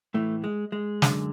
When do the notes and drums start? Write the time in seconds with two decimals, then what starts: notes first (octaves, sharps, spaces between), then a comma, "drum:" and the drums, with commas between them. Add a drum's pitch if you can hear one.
0.14 A2 E3 A3
0.44 G#3
0.72 G#3
1.02 F#2 D3, drum: snare